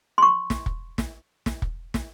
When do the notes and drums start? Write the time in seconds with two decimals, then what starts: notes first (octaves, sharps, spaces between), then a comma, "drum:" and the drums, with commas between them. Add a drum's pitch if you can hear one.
0.18 C6 C#6
0.50 drum: snare
0.66 drum: kick
0.98 drum: snare
1.46 drum: snare
1.62 drum: kick
1.94 drum: snare